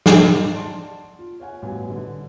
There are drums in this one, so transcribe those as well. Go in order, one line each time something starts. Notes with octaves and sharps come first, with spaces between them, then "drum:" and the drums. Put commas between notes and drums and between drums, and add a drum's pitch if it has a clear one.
G#2 D#4, drum: snare
D5 F#5 A5 C6 D7
F4
C#5 F5 F#5 G#5
A1 G2 B2 B4 G#5
D3